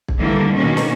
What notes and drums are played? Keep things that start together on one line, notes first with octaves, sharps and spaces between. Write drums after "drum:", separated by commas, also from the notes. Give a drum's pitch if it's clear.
drum: kick
D3 E3 G3 A#3
B2 D#3 A#3 C#4
drum: snare